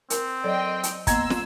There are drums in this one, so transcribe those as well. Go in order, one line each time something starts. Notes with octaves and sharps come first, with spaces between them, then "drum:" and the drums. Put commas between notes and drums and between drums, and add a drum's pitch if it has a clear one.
C4 A#4, drum: hi-hat
F#3 A4 D5 D#5 G5 C6
drum: hi-hat
A#3 B3 D#5 A#5 C6 E6 G#6, drum: kick, hi-hat
drum: snare